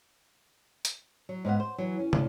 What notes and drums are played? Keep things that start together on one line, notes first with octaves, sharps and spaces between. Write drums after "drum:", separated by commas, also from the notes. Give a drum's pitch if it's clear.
drum: hi-hat
F#3
G#2 B3 F5 F#5
C5
E3 F#3
C#4
F2 A2 D3, drum: tom